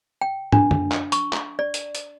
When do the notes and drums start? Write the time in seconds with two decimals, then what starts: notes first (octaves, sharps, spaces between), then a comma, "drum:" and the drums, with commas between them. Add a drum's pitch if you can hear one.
0.21 G5
0.52 D4, drum: tom
0.71 drum: tom
0.92 drum: clap
1.12 C#6, drum: hi-hat
1.33 drum: clap
1.59 D5
1.74 drum: hi-hat
1.95 drum: hi-hat